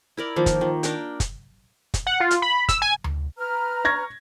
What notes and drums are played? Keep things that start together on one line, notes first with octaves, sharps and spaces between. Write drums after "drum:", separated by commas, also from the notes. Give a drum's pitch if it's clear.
E4 A#4 D5
D#3 F3 A#3
drum: kick, hi-hat
D#3
D4 A#4 G5, drum: hi-hat
drum: kick, hi-hat
drum: kick, hi-hat
F#5
F4
drum: hi-hat
B5
E6, drum: kick, hi-hat
G#5
drum: tom D2
B4 A#5 F6
C#6 G#6 A#6